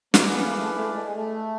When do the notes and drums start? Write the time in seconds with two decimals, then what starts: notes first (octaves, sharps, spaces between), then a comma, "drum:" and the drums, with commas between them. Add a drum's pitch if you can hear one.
0.14 A#3 E4 G#4 B4 D5 F5, drum: snare
0.29 B3
0.43 A#3
0.59 A3
0.73 A3
0.93 G#3
1.03 G#3
1.12 A3